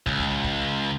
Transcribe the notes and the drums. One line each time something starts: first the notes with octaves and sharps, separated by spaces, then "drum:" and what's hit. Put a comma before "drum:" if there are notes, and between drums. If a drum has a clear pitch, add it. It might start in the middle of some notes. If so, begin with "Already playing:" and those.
C#2, drum: kick
drum: kick
drum: kick